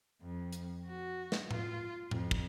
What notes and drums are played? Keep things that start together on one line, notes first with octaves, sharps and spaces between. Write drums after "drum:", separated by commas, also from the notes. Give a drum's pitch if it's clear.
F2
drum: hi-hat
F#4
drum: snare
F4, drum: tom A2
F2, drum: tom A2
drum: kick